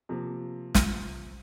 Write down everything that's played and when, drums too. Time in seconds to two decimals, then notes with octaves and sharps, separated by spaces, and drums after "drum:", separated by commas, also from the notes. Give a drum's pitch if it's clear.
0.09 C3 F3 A#3
0.75 drum: snare